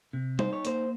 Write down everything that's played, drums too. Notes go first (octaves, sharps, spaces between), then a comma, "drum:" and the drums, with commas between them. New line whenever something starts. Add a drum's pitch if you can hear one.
C3
D#4 C5, drum: tom G3
C#5
A#3 C5, drum: hi-hat